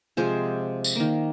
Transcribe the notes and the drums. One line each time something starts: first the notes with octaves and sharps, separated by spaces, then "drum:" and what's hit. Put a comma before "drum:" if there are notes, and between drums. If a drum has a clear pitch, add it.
C3 F3 G#3 G#4 C5
drum: tambourine
D#3 A#3